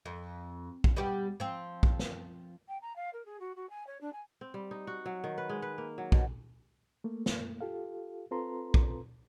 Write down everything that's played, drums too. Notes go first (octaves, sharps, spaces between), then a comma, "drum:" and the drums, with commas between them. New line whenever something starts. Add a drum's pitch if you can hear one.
F2
drum: kick
G3 B3 G4
F3 C4
drum: kick
drum: snare
G5
A#5
F5
A#4
G#4
F#4
F#4
G#5
C#5
D4
G#5
C4
G3
D#4
F#4
F#3
D#3
B4
G#3
B4
A#3
F#3
B2, drum: kick
A3 A#3
drum: snare
F4 G4 A4 F5
C4 F4 A4 B4 A#5 C6
drum: kick